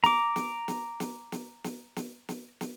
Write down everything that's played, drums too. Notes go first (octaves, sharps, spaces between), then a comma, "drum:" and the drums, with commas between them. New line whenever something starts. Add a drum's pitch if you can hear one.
A#5 D6, drum: snare
drum: snare
drum: snare
drum: snare
drum: snare
drum: snare
drum: snare
drum: snare
drum: snare